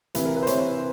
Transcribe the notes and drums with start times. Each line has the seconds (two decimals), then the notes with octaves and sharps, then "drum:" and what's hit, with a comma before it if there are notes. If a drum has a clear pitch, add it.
0.15 C3 E3 B4, drum: hi-hat
0.25 A#4
0.36 B4
0.43 C5
0.47 C3 E3 C#5, drum: hi-hat